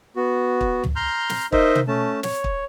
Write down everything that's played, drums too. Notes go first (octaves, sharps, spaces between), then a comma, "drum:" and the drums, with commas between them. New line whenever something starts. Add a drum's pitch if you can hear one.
B3 F#4
drum: kick
drum: tom
A#5 C6 F6 G6
drum: snare
D#4 A#4 C5 D#5 E5, drum: kick
drum: tom
A3 C#4 A5
C#5, drum: snare
drum: kick